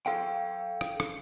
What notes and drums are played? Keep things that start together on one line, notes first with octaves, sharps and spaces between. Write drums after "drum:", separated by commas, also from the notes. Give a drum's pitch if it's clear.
A4 F5 G5
drum: rim click
drum: rim click